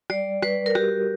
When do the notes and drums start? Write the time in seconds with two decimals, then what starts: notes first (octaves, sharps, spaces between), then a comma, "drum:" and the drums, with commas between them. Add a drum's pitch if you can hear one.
0.10 G3 D5, drum: rim click
0.42 G3 B4, drum: rim click
0.66 A#4
0.75 F#4 G4, drum: rim click